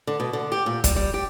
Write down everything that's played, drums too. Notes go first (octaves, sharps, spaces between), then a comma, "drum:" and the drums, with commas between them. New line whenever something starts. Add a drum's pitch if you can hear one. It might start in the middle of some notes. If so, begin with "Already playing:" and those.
D3
B2
D3
G4
A#2
G3, drum: kick, hi-hat
G3
G4